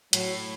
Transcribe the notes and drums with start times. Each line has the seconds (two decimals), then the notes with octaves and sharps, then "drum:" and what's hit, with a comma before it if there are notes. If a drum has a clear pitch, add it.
0.13 A2 F#3, drum: hi-hat